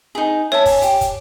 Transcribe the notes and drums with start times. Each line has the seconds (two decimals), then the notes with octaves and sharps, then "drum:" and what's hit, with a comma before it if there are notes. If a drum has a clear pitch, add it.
0.15 D#4 G#4
0.52 C#5 E5 A5
0.65 G#5, drum: kick, open hi-hat
0.82 G4, drum: hi-hat
1.01 drum: kick, hi-hat